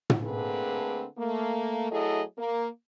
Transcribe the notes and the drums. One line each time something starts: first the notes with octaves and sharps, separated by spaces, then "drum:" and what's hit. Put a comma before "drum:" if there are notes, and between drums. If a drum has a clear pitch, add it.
drum: tom
D3 A3 A#3 C4 G#4 B4
A3 A#3
F#3 A3 E4 G#4 A4 D#5
A#3